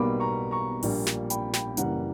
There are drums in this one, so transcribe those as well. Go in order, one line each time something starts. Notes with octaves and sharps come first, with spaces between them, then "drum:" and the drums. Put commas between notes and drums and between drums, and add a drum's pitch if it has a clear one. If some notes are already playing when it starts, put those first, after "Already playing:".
Already playing: B1 B2 G3 A#3 B5 D6
A#5 C#6
A#5 C#6
A#1 A#2 G3 A#3, drum: open hi-hat
drum: snare
G5 B5, drum: hi-hat
G5 B5, drum: snare
F#1 F#2 E3 G3 A#3 F#5 A#5, drum: hi-hat